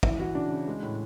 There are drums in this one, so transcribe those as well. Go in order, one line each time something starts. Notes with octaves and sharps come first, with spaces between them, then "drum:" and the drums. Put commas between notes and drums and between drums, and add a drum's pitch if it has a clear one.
E3 E4, drum: kick
E3 F#4
C#3 D4
C#3
G#3
A2